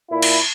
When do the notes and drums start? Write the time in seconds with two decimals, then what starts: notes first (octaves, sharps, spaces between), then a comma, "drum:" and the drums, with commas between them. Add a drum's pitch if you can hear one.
0.10 A#2 E4
0.22 drum: cymbal